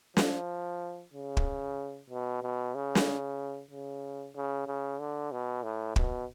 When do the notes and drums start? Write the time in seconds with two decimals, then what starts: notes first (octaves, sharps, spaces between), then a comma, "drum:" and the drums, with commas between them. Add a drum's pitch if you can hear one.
0.17 F3, drum: snare
1.13 C#3
1.37 drum: kick
2.10 B2
2.42 B2
2.74 C#3
2.95 drum: snare
3.71 C#3
4.35 C#3
4.67 C#3
4.99 D3
5.32 B2
5.63 A2
5.96 B2, drum: kick